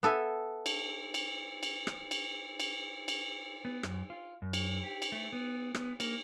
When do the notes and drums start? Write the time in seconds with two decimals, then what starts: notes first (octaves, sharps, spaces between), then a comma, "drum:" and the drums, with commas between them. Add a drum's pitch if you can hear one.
0.03 B3 A4 E5 G#5
0.66 drum: cymbal
1.14 drum: cymbal
1.63 drum: cymbal
1.87 drum: rim click
2.11 drum: cymbal
2.60 drum: cymbal
3.08 drum: cymbal
3.65 B3
3.83 F#2, drum: rim click
4.10 F4
4.42 F#2
4.53 drum: cymbal
4.83 G4
5.02 drum: cymbal
5.12 A3
5.33 B3
5.75 B3, drum: rim click
6.00 A#3, drum: cymbal